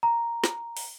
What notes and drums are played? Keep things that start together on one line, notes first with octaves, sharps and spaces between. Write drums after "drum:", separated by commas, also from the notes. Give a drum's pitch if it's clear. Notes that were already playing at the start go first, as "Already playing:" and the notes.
A#5
drum: snare
drum: open hi-hat